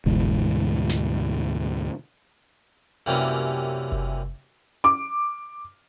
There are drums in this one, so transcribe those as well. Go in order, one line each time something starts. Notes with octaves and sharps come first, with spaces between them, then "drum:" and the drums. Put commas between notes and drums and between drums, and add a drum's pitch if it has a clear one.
D2 G#2 B2 E3, drum: kick F#1
drum: snare
F#2 C3 E3 G3 A#3 C#4
drum: kick F#1
D6, drum: tom C#4